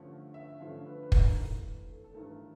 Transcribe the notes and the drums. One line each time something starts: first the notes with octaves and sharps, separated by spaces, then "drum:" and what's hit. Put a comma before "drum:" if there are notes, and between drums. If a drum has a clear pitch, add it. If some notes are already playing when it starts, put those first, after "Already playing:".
Already playing: G2 D3 F3 A3 C#4
E5
G2 D3 F3 A3 C#4 F5
B4
B4
A#4, drum: kick
G#1 G2 E3 A3 A4
A4
A4
G#1 G2 E3 A3 A#4